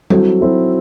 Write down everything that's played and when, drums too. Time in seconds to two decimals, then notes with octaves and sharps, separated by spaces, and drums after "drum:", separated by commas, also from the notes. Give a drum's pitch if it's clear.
0.10 F#3 C4 E4 A4, drum: tom G3
0.41 F#3 C4 E4 A4